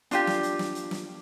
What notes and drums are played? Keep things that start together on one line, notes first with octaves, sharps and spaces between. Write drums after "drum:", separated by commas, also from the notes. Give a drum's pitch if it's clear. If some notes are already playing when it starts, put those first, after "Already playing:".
D4 F4 G4, drum: hi-hat
drum: snare
drum: hi-hat
drum: snare
drum: hi-hat
drum: snare